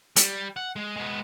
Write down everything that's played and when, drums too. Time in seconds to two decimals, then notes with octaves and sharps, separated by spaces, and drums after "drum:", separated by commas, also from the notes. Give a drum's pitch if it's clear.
0.16 G3, drum: hi-hat
0.56 F#5
0.76 G#3
0.96 G#3 B3